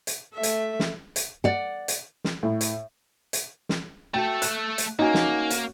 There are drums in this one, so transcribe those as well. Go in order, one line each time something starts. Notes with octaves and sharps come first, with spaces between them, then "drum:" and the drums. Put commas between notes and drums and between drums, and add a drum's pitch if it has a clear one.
drum: hi-hat
A3 A4 E5
drum: hi-hat
drum: snare
drum: hi-hat
D5 F#5
drum: hi-hat
drum: snare
A2
drum: hi-hat
drum: hi-hat
drum: snare
A3 F#4 A4 G5
F#6, drum: hi-hat
drum: hi-hat
A#3 C#4 D#4 F#4 G#5
drum: snare
drum: hi-hat